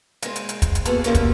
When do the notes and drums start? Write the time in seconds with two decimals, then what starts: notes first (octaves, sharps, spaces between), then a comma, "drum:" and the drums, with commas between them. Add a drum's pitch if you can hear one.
0.22 G#3 C4, drum: hi-hat
0.36 drum: hi-hat
0.49 drum: hi-hat
0.62 drum: kick, hi-hat
0.75 drum: hi-hat
0.85 A#3 B3 F#4 G#4 A4, drum: hi-hat
1.04 C3 G3 A3 A#3 C#4, drum: hi-hat
1.15 drum: kick, hi-hat